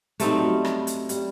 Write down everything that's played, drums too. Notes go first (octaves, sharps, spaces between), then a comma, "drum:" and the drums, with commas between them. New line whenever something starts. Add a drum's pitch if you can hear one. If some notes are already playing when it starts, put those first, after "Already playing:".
G3 A3 C4 D#4, drum: hi-hat
F#3
G3
drum: rim click
drum: hi-hat
G3, drum: hi-hat